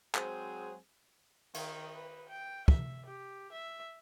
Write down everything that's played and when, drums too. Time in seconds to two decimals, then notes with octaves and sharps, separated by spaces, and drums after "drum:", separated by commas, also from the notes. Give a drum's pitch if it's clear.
0.15 F#3 G#3 C4 G#4 C5, drum: clap
1.54 D#3, drum: cymbal
1.95 B4
2.29 G5
2.68 E5, drum: kick
3.06 G4
3.52 E5